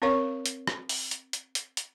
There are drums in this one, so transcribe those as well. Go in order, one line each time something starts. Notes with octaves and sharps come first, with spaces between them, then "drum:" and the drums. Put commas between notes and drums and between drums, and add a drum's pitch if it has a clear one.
C4 C#4 A#4 C#5 F5 C#6
drum: hi-hat
drum: rim click
drum: open hi-hat
drum: hi-hat
drum: hi-hat
drum: hi-hat
drum: hi-hat